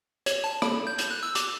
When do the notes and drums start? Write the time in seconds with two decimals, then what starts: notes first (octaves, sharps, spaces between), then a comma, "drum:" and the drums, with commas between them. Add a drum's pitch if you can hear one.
0.26 C#5, drum: hi-hat
0.44 A5
0.62 B5, drum: rim click
0.87 G6
0.99 G6, drum: hi-hat
1.11 F#6
1.23 E6
1.35 D6, drum: hi-hat